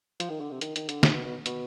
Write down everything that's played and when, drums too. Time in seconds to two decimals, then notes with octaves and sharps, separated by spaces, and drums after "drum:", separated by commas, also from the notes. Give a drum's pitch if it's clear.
0.20 F3, drum: hi-hat
0.30 D#3
0.40 D3
0.51 C3
0.61 D#3, drum: hi-hat
0.76 D#3, drum: hi-hat
0.89 D3, drum: hi-hat
1.03 C3, drum: snare
1.14 B2
1.24 B2
1.46 B2, drum: hi-hat